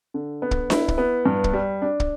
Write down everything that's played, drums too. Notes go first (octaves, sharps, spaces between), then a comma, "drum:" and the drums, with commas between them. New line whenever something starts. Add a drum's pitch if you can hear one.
D3
B3
drum: kick
E4, drum: snare D4
drum: kick
B3
G2
drum: kick
G3
D4
drum: kick